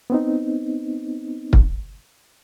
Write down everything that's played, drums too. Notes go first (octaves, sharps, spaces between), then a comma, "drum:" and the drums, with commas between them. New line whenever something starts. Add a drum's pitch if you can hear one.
B3 C4 D#4
drum: kick